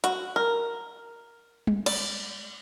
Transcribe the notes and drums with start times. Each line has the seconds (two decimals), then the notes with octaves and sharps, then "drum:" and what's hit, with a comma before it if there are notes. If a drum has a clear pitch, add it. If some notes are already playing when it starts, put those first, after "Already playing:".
0.04 F#4, drum: hi-hat
0.36 A#4
1.67 drum: tom G3
1.86 D5, drum: cymbal